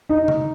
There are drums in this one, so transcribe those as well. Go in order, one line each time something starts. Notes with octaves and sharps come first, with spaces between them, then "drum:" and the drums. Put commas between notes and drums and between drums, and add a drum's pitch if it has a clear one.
D#4
drum: tom C#3